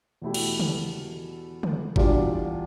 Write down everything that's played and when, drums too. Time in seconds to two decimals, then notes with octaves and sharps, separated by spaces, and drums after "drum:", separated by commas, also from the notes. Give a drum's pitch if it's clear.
0.22 E2 B2 A3 E4 G4
0.34 drum: cymbal
0.60 drum: tom C#3
1.63 drum: tom C#3
1.96 E2 B2 G3 D4 F4, drum: kick G1